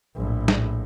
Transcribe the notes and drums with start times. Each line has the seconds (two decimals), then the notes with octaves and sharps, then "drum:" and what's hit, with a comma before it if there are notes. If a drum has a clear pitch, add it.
0.16 A#1 A2
0.48 drum: snare